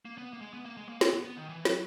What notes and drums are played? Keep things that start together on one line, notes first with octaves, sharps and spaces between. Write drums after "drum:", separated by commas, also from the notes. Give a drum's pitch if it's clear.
A#3
B3
A#3
G#3
B3
A#3
G#3
A#3
B3, drum: snare
B3
B3
D#3
E3
F#3, drum: snare